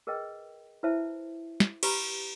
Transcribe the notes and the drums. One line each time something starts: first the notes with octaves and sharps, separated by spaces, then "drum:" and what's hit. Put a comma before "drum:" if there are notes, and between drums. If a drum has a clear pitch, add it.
G#4 A#4 B4 D#5 G5
E4 B4 C5 E5 A5
drum: snare
G4 B4 A#5 B5, drum: cymbal